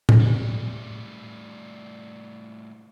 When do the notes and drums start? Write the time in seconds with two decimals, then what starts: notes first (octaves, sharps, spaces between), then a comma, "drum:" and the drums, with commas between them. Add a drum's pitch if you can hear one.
0.09 drum: tom A2
0.20 A2 G3